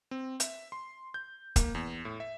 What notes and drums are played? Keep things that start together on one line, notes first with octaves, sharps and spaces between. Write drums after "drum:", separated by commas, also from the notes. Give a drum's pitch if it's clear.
C4
E5, drum: hi-hat
C6
G6
A#3, drum: kick, hi-hat
E2
A2
E5